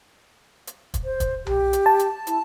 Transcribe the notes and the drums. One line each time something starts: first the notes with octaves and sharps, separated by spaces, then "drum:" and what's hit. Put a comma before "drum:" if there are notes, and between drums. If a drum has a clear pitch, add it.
drum: hi-hat
drum: kick, hi-hat
C5
drum: kick, hi-hat
G4, drum: tom B1
drum: hi-hat
A5
drum: hi-hat
E4, drum: hi-hat